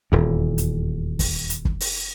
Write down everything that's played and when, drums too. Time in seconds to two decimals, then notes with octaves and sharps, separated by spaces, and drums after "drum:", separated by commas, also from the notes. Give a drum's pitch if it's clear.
0.12 D#1 E2
0.58 drum: hi-hat
1.19 drum: kick, open hi-hat
1.50 drum: hi-hat
1.65 drum: kick
1.80 drum: open hi-hat